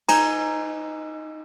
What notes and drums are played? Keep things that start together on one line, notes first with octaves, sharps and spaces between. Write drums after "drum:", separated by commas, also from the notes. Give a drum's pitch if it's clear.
D#4 G#5 A#5, drum: cymbal